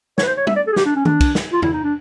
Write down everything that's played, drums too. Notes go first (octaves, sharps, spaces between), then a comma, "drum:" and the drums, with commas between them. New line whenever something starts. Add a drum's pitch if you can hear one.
C#5, drum: snare
B4
C5
C#5
E5, drum: tom
D5
A4
G#4
G4, drum: snare
D4
C#4
D4, drum: tom
drum: kick, cymbal
drum: snare
F4
E4, drum: tom
D#4
D4